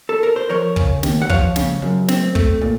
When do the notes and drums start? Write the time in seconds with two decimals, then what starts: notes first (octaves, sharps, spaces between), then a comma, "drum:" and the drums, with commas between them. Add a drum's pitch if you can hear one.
0.09 A4
0.23 A#4
0.36 C5
0.49 F3 A#4 C#5
0.76 C#3, drum: kick
1.03 D#2, drum: snare
1.22 F#5
1.29 F3 C#5 F5, drum: kick
1.56 C#3, drum: snare
1.82 F#2
2.08 C4, drum: snare
2.35 A3, drum: kick
2.61 A#2